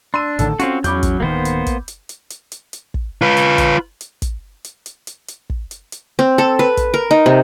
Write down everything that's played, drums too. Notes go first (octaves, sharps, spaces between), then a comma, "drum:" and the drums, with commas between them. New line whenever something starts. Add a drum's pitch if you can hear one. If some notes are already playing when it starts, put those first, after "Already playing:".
D4 C6 E6 D#7
A2 D3 D#3 A4 A5, drum: kick, hi-hat
C4 C#4 F4 F#4, drum: hi-hat
E2 F#3 C#4 B5 D6 G6, drum: hi-hat
drum: kick, hi-hat
D1 D#3 A#3 B3 C5
drum: hi-hat
drum: kick, hi-hat
drum: hi-hat
drum: hi-hat
drum: hi-hat
drum: hi-hat
drum: hi-hat
drum: kick
F4 B4
drum: hi-hat
drum: kick, hi-hat
drum: hi-hat
drum: kick, hi-hat
drum: hi-hat
drum: hi-hat
drum: hi-hat
drum: hi-hat
drum: kick
drum: hi-hat
drum: hi-hat
C4
A4
B4
drum: kick, hi-hat
A#4
D#4
C3